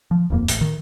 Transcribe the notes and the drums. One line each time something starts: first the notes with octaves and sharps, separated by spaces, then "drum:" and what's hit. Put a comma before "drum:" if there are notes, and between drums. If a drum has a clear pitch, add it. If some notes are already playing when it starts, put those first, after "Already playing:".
F3
D#1 F2 A#3
A1, drum: hi-hat
D#3